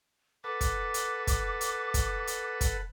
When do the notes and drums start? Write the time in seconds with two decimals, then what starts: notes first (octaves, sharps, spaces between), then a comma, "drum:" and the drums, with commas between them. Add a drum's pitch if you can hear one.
0.44 A4 B4 F#5 D6
0.61 drum: kick, hi-hat
0.94 drum: hi-hat
1.27 drum: kick, hi-hat
1.61 drum: hi-hat
1.94 drum: kick, hi-hat
2.27 drum: hi-hat
2.61 drum: kick, hi-hat